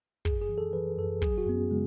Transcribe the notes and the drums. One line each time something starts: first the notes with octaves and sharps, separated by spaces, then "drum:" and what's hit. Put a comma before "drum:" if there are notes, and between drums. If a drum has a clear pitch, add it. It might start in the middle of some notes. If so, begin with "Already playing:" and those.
F#2 G#4, drum: kick
G#4
E3
A4
E3 B4
F#2 A4
F#3 G#4, drum: kick
F#4
F#2 B3
C#4
C#3 G#3